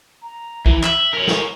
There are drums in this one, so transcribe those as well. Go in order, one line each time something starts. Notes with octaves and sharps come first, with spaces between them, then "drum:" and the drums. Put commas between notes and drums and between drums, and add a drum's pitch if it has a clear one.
A#5
E3, drum: kick
E5 F#7, drum: clap
A#4 C#5
drum: snare